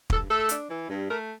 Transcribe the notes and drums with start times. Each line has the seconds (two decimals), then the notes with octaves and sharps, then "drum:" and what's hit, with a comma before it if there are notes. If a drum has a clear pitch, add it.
0.10 G2 A4, drum: kick
0.29 A3 A4
0.49 D4, drum: hi-hat
0.69 E3
0.89 G2
1.09 A3 A#4